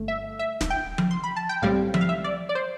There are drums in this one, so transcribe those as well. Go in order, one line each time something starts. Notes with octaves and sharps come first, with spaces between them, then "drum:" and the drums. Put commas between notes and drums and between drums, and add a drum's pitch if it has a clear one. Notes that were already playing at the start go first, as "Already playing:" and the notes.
Already playing: G1 A3
E5
E5
drum: snare
G5
drum: tom F3
C6
B5
A5
G5
B1 A2 G3 C4 F5
E5, drum: tom F3
F5
E5
D5
D5
C5